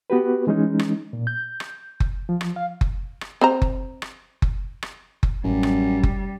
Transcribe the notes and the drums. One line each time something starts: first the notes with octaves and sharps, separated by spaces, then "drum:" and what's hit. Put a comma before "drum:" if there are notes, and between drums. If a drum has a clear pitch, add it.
B3 F#4 G4 B4
E3 G#3 C#4 D#4
drum: rim click
A#2
G6
drum: rim click
drum: kick F#1
F3
drum: rim click
F5
drum: kick F#1
drum: rim click
C4 C5 A#5
drum: kick F#1
drum: rim click
drum: kick F#1
drum: rim click
drum: kick F#1
A1 F#2 G3
drum: rim click
drum: kick F#1